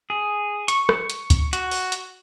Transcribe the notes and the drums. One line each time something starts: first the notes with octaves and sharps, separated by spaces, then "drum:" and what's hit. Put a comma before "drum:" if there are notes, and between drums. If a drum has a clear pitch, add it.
G#4
C#6, drum: hi-hat
drum: rim click
drum: hi-hat
drum: kick C#2, hi-hat
F#4, drum: hi-hat
drum: open hi-hat
drum: hi-hat